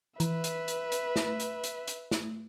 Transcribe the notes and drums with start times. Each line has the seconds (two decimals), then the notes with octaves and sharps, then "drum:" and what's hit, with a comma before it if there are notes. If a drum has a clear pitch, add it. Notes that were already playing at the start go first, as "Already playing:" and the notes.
0.20 E3 B4 E5, drum: hi-hat
0.44 drum: hi-hat
0.68 drum: hi-hat
0.92 drum: hi-hat
1.16 drum: snare
1.40 drum: hi-hat
1.64 drum: hi-hat
1.88 drum: hi-hat
2.11 drum: snare